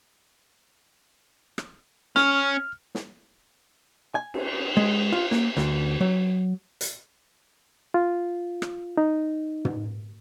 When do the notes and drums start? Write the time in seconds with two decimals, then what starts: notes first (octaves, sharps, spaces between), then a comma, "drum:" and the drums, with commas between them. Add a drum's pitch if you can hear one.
1.58 drum: rim click
2.16 C#4 F6, drum: snare
2.95 drum: snare
4.15 G#5
4.34 drum: cymbal
4.77 G#3
5.12 F4
5.31 A#3, drum: snare
5.57 D2, drum: snare
6.00 F#3
6.81 drum: hi-hat
7.94 F4
8.62 drum: rim click
8.97 D#4
9.65 drum: tom